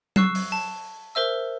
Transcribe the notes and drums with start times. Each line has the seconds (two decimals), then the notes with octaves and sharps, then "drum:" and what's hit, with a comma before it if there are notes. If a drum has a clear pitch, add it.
0.16 C#6 E6 F#6 C7 E7, drum: tom F#3
0.35 drum: open hi-hat
0.52 A5
1.15 A#4 C5 E5 E6